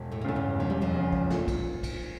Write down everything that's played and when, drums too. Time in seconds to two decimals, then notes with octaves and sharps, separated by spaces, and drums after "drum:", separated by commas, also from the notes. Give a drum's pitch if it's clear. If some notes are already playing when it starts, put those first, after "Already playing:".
Already playing: E1
0.12 A2 A3
0.21 A#3
0.25 E2 C#3 A3
0.35 G2 G3
0.59 E1 F3
0.70 G3
0.81 F2 F3
0.95 E2 C#3
1.12 drum: kick
1.30 A#2 A3, drum: snare
1.48 drum: kick, cymbal
1.83 drum: kick, cymbal